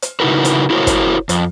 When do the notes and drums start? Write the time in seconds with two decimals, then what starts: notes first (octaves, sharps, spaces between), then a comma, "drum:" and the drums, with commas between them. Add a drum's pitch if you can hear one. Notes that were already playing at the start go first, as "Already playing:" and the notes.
0.02 drum: hi-hat
0.20 C#3 D#4 E4 F#4 A#4 B4
0.45 drum: hi-hat
0.70 E4 F#4 A#4 C5 C#5
0.87 drum: kick, hi-hat
1.29 F2, drum: hi-hat